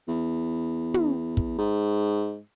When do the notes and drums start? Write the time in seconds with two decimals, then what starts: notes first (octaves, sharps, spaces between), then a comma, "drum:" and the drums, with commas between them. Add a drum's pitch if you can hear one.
0.08 E2
0.94 drum: tom
1.37 drum: kick
1.58 G#2